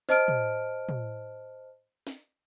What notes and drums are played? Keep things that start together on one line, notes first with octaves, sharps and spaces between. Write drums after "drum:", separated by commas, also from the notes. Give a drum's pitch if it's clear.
C5 D#5 A5 F6 D7, drum: snare
drum: tom
drum: tom
drum: snare